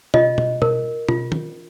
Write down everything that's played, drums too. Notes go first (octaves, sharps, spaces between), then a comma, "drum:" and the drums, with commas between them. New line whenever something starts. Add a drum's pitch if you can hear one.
F4 D#5, drum: tom B2
drum: tom B2
A#4, drum: tom B2
F4, drum: tom B2
drum: tom D#3